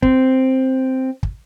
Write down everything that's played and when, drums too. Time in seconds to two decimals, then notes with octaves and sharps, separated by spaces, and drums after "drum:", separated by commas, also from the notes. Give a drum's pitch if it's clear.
0.02 C4, drum: kick
1.23 drum: kick